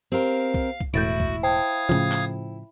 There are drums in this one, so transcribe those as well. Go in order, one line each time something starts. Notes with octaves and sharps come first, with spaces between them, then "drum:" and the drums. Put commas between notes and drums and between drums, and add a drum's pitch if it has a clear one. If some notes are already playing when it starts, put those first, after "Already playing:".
C4 G4 A#4 F5
drum: kick B1
drum: kick B1
E1 A2 E4 F#4 G6 A6 D7
drum: kick B1
C5 F5 G5 A5 D#6 G#6
A2 C#3 F3
drum: clap